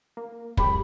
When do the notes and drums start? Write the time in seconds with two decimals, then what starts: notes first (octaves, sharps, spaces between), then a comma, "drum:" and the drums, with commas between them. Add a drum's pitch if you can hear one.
0.17 A#3
0.57 C#2 F#2 G4 B5, drum: kick